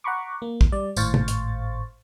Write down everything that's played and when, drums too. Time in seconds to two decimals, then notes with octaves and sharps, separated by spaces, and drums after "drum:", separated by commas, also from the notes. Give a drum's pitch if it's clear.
0.04 F#5 A#5 B5 C#6 D6
0.42 A#3
0.61 drum: kick
0.72 G3 D5
0.97 G#1 A2 C5 F5 C#6 A6, drum: tambourine
1.14 drum: tom
1.28 drum: hi-hat